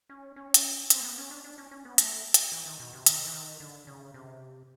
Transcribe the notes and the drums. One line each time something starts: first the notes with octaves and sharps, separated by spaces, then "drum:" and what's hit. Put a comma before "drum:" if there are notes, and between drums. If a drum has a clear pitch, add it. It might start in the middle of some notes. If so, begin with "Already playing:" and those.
C#4
C#4
drum: hi-hat
C4, drum: hi-hat
A#3
B3
C#4
D4
D4
C#4
C#4
B3
A3, drum: hi-hat
drum: hi-hat
E3
D#3
B2
C3
D#3, drum: hi-hat
E3
D#3
D3
C#3
C3